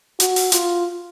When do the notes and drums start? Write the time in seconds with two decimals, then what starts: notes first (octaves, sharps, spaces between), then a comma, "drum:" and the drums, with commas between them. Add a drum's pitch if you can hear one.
0.20 F#4, drum: hi-hat
0.36 drum: open hi-hat
0.52 F4, drum: hi-hat